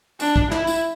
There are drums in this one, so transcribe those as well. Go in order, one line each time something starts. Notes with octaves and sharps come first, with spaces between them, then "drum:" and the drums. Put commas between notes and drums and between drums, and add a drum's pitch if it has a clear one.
D4, drum: tambourine
drum: kick
E4, drum: snare
drum: tambourine